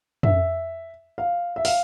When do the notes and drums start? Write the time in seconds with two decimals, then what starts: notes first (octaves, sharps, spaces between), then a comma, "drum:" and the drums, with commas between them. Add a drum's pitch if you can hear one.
0.23 E5, drum: tom
1.18 F5
1.56 E5
1.65 F5, drum: open hi-hat